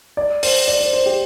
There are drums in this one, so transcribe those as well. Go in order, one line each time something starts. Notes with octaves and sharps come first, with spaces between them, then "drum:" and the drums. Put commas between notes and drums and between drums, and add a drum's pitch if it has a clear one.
D5
C5, drum: open hi-hat
D5
C5
C5
G4